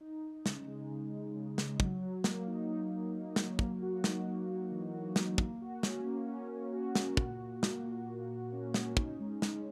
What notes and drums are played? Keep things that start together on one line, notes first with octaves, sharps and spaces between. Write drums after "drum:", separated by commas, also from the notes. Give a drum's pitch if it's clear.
D#4
D#4
C#3, drum: snare
G#3
C#3
C#3
C#3
C#3, drum: snare
F#3, drum: kick
F#3
A#3, drum: snare
D#4
D#4
F#3
A#3
F#3, drum: snare
A#3, drum: kick
F#4
D#4, drum: snare
A#3
F#4
E3
F#4
D#4, drum: snare
A#3, drum: kick
F#4
C#4, drum: snare
A#3
C#4
C#4
F#4
F#4, drum: snare
A#2, drum: kick
A#2
A#3, drum: snare
A#2
A#2
A#2
C#4
C#4, drum: snare
D#4, drum: kick
G#3
G#3, drum: snare